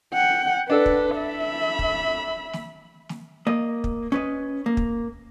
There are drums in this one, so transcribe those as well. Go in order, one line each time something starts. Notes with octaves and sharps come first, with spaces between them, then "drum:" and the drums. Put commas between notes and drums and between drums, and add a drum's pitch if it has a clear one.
F#5 G5
D4 A4 B4
drum: kick
E5 B5
drum: kick
drum: snare
drum: snare
A#3 D#5
drum: kick
C#4 B4 D#5
A#3
drum: kick